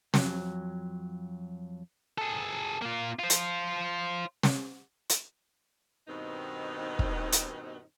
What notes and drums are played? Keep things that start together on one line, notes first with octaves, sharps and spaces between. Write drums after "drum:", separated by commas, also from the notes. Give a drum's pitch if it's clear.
F2 F#3, drum: snare
G#4 A4
A#3 F4
F4 C5
drum: hi-hat
drum: snare
drum: hi-hat
G2 B2 D#3 B3 C4 D#4
drum: kick
drum: hi-hat